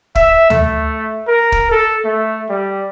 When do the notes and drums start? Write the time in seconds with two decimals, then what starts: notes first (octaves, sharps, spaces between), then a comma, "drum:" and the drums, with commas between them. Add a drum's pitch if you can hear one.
0.15 E5, drum: kick
0.50 A3, drum: tom D2
1.27 A#4
1.52 drum: kick
1.71 A4
2.05 A3
2.49 G3